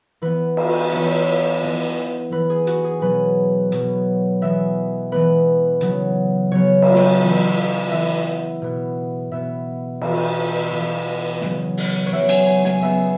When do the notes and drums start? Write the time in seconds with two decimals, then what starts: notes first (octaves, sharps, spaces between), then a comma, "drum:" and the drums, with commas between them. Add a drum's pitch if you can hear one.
0.22 E3 B3 B4
0.57 drum: cymbal
0.92 E3 B3 C#5, drum: hi-hat
1.62 E3 B3
2.32 E3 B3 B4
2.50 G#4
2.67 F#4, drum: hi-hat
2.84 G#4
3.01 B2 F#3 B3 B4
3.72 B2 F#3 B3, drum: hi-hat
4.42 E3 G#3 B3 E5
5.12 E3 G#3 B3 B4
5.81 C#3 F#3 B3, drum: hi-hat
6.52 C#3 F#3 B3 C#5
6.82 drum: cymbal
6.96 drum: snare
7.22 E3 B3
7.74 drum: hi-hat
7.92 E3 B3 E5
8.62 B2 B3
9.32 B2 B3 E5
10.01 E3 B3, drum: cymbal
10.72 E3 B3
11.42 C#3 F#3 B3, drum: snare
11.77 drum: open hi-hat
12.06 C#5
12.11 C#3 F#3 B3 E5
12.29 G#5, drum: cymbal
12.47 G#5
12.65 G#5, drum: snare
12.82 C#3 G#3 B3 E5